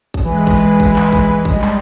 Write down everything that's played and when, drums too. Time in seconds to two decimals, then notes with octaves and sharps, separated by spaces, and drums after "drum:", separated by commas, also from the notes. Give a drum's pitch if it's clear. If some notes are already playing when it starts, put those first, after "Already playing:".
0.14 drum: kick A1
0.24 E3 G#3 B4
0.47 drum: kick A1
0.80 drum: kick A1
0.96 drum: clap
1.13 drum: kick A1
1.45 G3 G#3, drum: kick A1
1.62 drum: clap